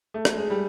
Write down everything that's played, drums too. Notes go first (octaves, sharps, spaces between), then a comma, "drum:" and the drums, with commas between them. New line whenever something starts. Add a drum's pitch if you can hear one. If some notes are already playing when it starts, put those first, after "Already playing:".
A3
drum: rim click
G#3
G3